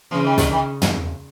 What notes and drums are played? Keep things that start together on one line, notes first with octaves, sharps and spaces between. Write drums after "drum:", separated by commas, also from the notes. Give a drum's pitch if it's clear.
C#3 E3
D#3
D3, drum: snare
D#3
drum: tom